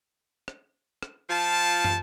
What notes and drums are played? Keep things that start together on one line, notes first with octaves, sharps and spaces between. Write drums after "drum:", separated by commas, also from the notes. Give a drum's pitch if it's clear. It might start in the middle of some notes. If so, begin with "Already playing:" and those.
drum: rim click
drum: rim click
F3 F4 A5
drum: tom